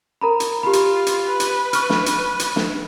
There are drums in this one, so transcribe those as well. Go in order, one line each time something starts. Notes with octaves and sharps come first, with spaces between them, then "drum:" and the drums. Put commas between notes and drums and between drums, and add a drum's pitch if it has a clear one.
A#4 A#5 B5
drum: hi-hat
F4 G4 B5
drum: hi-hat
drum: hi-hat
B4
drum: hi-hat
C#6 F6, drum: hi-hat
drum: snare
drum: hi-hat
drum: hi-hat
drum: snare